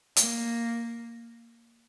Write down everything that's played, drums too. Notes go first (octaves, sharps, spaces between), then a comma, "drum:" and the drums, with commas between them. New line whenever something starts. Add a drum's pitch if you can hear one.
A#3, drum: hi-hat